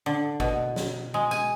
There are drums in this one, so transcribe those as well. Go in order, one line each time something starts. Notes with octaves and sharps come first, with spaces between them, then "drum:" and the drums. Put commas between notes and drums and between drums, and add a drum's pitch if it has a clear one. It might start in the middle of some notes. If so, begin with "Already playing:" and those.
D3
B2, drum: kick
drum: snare
G#3
G#5, drum: tambourine